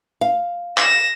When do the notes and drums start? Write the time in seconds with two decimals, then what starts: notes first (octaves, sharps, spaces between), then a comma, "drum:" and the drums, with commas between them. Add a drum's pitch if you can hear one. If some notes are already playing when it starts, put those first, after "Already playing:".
0.21 F5
0.77 A#6 E7, drum: clap